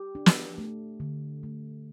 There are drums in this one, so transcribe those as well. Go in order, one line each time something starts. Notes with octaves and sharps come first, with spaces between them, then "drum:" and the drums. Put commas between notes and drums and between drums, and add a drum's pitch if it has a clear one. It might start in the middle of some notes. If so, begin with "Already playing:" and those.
Already playing: G4
D4
drum: snare
A3
D3
A3